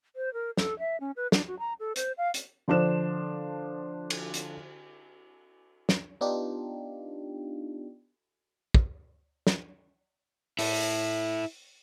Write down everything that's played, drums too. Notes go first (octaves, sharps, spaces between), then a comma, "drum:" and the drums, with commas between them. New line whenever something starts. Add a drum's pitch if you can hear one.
C5
A#4
A4, drum: snare
E5
C#4
B4
D4, drum: snare
F#4
A#5
A4
C5, drum: hi-hat
F5
drum: hi-hat
D3 F3 D4 C5 E7
drum: cymbal
drum: hi-hat
drum: snare
B3 D4 D#4 F4 G4
drum: kick
drum: snare
E4 A4, drum: open hi-hat